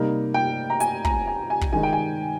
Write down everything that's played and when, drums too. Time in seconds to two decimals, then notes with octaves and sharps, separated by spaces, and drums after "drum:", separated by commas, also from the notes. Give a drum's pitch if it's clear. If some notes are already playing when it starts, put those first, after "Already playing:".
Already playing: C3 G3 A#3 D#4
0.34 G5
0.70 A#5
0.80 G#5, drum: hi-hat
1.05 A#5, drum: kick
1.27 G#5
1.50 G#5
1.61 drum: kick
1.73 D#3 G#3 D#4 G#5
1.83 G5
1.93 G#5